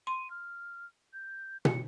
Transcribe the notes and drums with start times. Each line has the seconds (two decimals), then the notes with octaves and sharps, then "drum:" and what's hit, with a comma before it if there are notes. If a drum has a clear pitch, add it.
0.07 C6 D#7
0.30 F6
1.13 G6
1.65 C#7, drum: tom